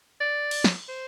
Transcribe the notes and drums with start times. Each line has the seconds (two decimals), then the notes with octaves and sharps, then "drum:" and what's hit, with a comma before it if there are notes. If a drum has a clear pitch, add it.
0.20 D5
0.51 drum: cymbal
0.64 drum: snare
0.89 C5